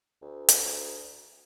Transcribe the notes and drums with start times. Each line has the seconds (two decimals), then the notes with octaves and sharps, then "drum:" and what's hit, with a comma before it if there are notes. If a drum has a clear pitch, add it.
0.22 D2
0.49 drum: hi-hat